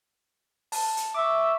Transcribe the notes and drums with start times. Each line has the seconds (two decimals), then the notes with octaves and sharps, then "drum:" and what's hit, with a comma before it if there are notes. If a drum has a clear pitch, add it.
0.72 A5, drum: open hi-hat
0.97 drum: hi-hat
1.15 E5 C#6 D6